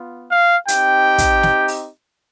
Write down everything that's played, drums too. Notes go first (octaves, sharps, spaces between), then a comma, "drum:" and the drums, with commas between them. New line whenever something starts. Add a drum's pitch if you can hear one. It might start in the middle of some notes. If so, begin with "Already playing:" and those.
Already playing: B3 F4
F5
C4 D#4 G4 G5, drum: hi-hat
drum: kick, hi-hat
drum: snare
drum: open hi-hat